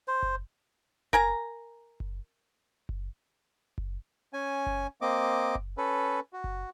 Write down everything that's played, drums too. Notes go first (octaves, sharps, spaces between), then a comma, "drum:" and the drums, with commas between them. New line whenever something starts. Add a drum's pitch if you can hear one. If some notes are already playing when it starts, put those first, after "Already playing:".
C5
drum: kick F#1
A#4 G#5 A#5, drum: kick F#1
drum: kick F#1
drum: kick F#1
drum: kick F#1
C#4 G#5
drum: kick F#1
A#3 C4 D#5 D6
drum: kick F#1
C#4 A4 B4
F#4
drum: kick F#1